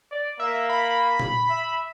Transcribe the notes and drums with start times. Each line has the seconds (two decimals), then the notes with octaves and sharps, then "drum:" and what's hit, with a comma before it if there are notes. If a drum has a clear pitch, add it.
0.11 D5
0.40 A#3 E5
0.69 B5
1.20 drum: tom A#2
1.50 E5